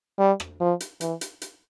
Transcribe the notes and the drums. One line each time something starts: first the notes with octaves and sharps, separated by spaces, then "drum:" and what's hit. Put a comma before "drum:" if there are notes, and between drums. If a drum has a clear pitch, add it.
G3
drum: rim click
F3
drum: hi-hat
E3, drum: hi-hat
drum: hi-hat
drum: hi-hat